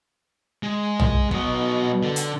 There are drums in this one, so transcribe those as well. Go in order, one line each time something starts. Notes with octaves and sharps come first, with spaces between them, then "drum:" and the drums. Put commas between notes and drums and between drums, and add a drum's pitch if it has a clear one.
G#3
drum: tom
B2 F#3 D#5, drum: kick
D3
drum: hi-hat